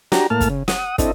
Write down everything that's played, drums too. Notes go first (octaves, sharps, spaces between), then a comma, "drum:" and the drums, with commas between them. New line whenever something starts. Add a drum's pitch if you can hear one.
D4 F#4 G4 A#5, drum: snare
A2 A#3 A5 F6
drum: kick, hi-hat
C#3
F#5 D#6, drum: snare
C4 D4 E4 A4 D#5, drum: kick, hi-hat